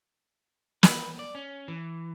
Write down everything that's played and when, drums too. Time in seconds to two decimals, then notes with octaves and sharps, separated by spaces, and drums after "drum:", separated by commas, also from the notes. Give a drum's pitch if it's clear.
0.83 B4, drum: snare
1.19 D5
1.35 C#4
1.68 E3